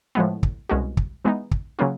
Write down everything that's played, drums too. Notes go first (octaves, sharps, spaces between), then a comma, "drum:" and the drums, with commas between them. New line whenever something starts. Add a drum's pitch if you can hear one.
A2 F3 G#3 B3
drum: kick
C2 B2 G#3 C#4 F#4
drum: kick
E3 G#3 B3 D#4
drum: kick
C#3 F#3 A#3 C#4 F4